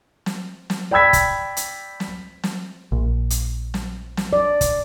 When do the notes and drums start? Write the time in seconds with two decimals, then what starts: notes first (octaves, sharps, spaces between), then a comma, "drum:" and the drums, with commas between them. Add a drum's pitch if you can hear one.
0.26 drum: snare
0.70 drum: snare
0.91 D5 G5 B5 E6 G#6 B6
1.13 drum: kick, hi-hat
1.57 drum: hi-hat
2.00 drum: snare
2.43 drum: snare
2.92 A#1
3.30 drum: hi-hat
3.74 drum: snare
4.17 drum: snare
4.33 D5
4.61 drum: kick, hi-hat